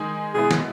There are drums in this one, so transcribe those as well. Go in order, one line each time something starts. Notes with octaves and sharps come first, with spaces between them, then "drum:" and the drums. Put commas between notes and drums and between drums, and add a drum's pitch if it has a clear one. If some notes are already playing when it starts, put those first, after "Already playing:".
Already playing: D#3 G#3 D#4 G#4
B2 G#3 B3 E4 G#4
drum: snare